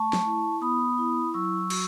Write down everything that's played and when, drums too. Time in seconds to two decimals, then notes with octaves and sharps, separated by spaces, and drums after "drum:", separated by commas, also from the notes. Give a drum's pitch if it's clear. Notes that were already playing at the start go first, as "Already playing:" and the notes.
Already playing: A3 A5 C#6
0.13 drum: snare
0.26 E4
0.61 B3 B5 D#6
0.98 E4
1.34 F#3 C#6 E6
1.70 F#4, drum: cymbal